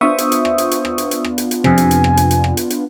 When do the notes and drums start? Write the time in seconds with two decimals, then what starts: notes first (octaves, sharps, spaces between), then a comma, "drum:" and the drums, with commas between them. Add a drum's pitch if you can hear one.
0.01 B3 D4 F4 C5 E5 C#6 D#6
0.18 drum: hi-hat
0.32 drum: hi-hat
0.45 drum: rim click
0.58 drum: hi-hat
0.71 drum: hi-hat
0.85 drum: rim click
0.98 drum: hi-hat
1.11 drum: hi-hat
1.24 drum: rim click
1.38 drum: hi-hat
1.51 drum: hi-hat
1.64 F2 C3 G#5, drum: rim click
1.78 drum: hi-hat
1.91 drum: hi-hat
2.04 drum: rim click
2.17 drum: hi-hat
2.31 drum: hi-hat
2.44 drum: rim click
2.57 drum: hi-hat
2.70 drum: hi-hat